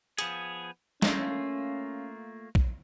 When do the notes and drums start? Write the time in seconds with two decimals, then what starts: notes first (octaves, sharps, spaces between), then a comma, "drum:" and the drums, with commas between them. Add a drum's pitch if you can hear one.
0.19 F3 B3 G#4, drum: hi-hat
1.02 A3 A#3 C#4 F4, drum: snare
2.55 drum: kick